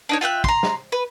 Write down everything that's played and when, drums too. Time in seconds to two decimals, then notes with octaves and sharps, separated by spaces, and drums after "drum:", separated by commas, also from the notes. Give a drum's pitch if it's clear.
0.09 D4 D#4 C#5
0.21 F4 E5 G5 F#6
0.44 A#5 C6, drum: kick
0.63 drum: snare
0.92 B4